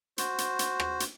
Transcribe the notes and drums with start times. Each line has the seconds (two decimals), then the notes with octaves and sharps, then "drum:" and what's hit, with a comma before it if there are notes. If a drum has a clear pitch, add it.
0.18 F#4 C5, drum: hi-hat
0.38 drum: hi-hat
0.59 drum: hi-hat
0.80 drum: rim click
1.00 drum: hi-hat